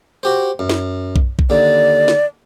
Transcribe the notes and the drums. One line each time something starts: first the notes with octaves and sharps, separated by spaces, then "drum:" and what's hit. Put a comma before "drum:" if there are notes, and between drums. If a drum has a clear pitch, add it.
F#4 G4 C5
F#2
drum: snare
drum: kick B1
drum: kick B1
D#2 D3 D5
drum: snare